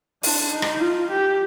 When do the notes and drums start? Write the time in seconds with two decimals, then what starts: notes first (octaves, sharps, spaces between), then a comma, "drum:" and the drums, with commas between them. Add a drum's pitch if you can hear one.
0.23 D4, drum: open hi-hat
0.52 D#4
0.62 drum: rim click
0.81 F4
1.10 G4